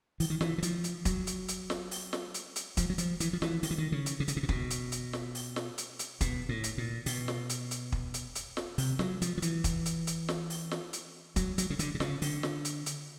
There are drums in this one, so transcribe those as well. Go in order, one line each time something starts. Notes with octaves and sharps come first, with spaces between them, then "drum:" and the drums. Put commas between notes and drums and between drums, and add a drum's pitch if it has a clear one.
E3, drum: open hi-hat
D#3
E3, drum: snare
E3
F3, drum: hi-hat
drum: hi-hat
F#3, drum: kick, hi-hat
drum: hi-hat
drum: hi-hat
drum: snare
drum: open hi-hat
drum: snare
drum: hi-hat
drum: hi-hat
F3, drum: kick, hi-hat
F#3
F3, drum: hi-hat
E3, drum: hi-hat
F3
E3, drum: snare
D#3, drum: open hi-hat
E3
D#3
C#3
drum: hi-hat
C3
C#3, drum: hi-hat
C3
A#2
B2, drum: kick
drum: hi-hat
drum: hi-hat
drum: snare
drum: open hi-hat
drum: snare
drum: hi-hat
drum: hi-hat
B2, drum: kick, hi-hat
A2
drum: hi-hat
A#2
B2, drum: open hi-hat
drum: snare
drum: hi-hat
drum: hi-hat
drum: kick
drum: hi-hat
drum: hi-hat
drum: snare
C3, drum: open hi-hat
F#3, drum: snare
F3, drum: hi-hat
F3
E3, drum: hi-hat
drum: kick, hi-hat
drum: hi-hat
drum: hi-hat
drum: snare
drum: open hi-hat
drum: snare
drum: hi-hat
F#3, drum: kick, hi-hat
F#3, drum: hi-hat
C#3
D3, drum: hi-hat
C3
C#3, drum: snare
D3, drum: open hi-hat
drum: snare
drum: hi-hat
drum: hi-hat